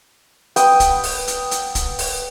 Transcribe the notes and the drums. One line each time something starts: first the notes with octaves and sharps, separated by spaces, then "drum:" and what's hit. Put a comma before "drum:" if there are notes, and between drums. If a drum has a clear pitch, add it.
B3 G5 D#6, drum: hi-hat
drum: kick, hi-hat
drum: open hi-hat
drum: hi-hat
drum: hi-hat
drum: kick, hi-hat
drum: open hi-hat